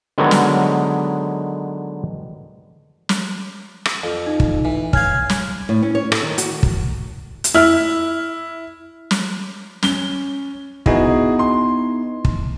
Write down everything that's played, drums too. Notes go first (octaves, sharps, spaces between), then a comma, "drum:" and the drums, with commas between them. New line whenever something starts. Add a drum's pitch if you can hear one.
D3 D#3 F#3 G#3 B3 C#5
drum: snare
drum: snare
drum: rim click
F2
D#4
drum: kick
E3
C#4 F5 F6 G#6, drum: kick
drum: snare
A2
C#4
C#5
A4, drum: rim click
D#3
F#4, drum: hi-hat
drum: kick
drum: hi-hat
E4 F6
drum: snare
C#4 G7, drum: snare
B3 D#4 E4 F#4 G#4 D#5, drum: kick
C6
drum: kick